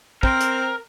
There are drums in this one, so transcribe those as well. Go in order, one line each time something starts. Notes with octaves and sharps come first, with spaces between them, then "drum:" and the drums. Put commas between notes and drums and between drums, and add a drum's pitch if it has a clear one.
C4 A#4, drum: kick
drum: hi-hat